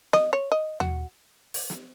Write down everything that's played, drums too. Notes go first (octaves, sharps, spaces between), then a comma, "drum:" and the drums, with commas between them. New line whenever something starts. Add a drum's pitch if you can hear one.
D#5, drum: snare
C#5
D#5
F#4, drum: tom D#2
drum: open hi-hat
drum: snare